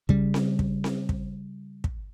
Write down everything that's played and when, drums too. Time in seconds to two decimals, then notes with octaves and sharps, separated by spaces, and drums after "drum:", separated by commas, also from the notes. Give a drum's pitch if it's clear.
0.09 C#3 G3, drum: kick
0.34 drum: snare C4
0.59 drum: kick
0.84 drum: snare C4
1.09 drum: kick
1.84 drum: kick